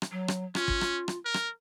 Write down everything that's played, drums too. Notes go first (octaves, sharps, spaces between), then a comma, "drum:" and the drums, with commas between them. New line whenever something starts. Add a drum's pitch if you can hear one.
drum: rim click
F#3
drum: rim click
C#4 F4, drum: rim click
drum: kick
drum: rim click
drum: rim click
A#4
drum: rim click